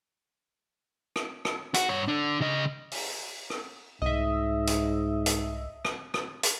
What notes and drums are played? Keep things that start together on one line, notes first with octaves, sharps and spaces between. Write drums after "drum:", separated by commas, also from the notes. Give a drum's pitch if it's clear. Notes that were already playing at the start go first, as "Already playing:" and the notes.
drum: rim click
drum: rim click
F#4, drum: hi-hat
G2 C#5
D3 D4
C#3 D#5
drum: open hi-hat
drum: rim click
C2 G#2 D#5 E5
drum: hi-hat
drum: hi-hat
drum: rim click
drum: rim click
drum: hi-hat